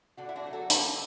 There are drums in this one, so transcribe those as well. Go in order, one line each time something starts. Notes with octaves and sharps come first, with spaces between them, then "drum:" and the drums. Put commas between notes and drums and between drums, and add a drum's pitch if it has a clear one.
D3 D4 F#4
E4
D4 F#4
F#3 A3
F#4 A4
D3 E4 G4, drum: hi-hat